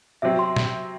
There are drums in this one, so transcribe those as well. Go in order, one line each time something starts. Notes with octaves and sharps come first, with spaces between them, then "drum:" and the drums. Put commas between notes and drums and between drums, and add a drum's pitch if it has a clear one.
C3 F#3 C4 E5
C6
drum: snare